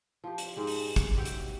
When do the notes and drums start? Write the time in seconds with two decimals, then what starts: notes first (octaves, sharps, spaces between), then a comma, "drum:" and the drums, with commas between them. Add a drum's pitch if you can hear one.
0.24 F3 G4
0.38 drum: hi-hat
0.56 G#2 G#3 G4
0.67 drum: open hi-hat
0.96 drum: kick, hi-hat
1.16 F#4 G4 E5 G5
1.25 drum: hi-hat